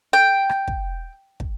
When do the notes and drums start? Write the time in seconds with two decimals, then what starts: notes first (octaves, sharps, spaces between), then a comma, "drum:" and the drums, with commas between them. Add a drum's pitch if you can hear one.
0.13 G5
0.49 drum: rim click
0.68 drum: kick
1.40 drum: kick